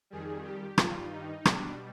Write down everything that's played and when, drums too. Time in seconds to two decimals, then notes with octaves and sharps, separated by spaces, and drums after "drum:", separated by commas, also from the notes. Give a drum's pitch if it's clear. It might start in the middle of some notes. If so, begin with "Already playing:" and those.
0.10 F2 D#3 G3 G#4
0.44 G4
0.78 G2 D#3 G3 F4, drum: rim click
1.12 D#4
1.45 B2 G3 D4, drum: rim click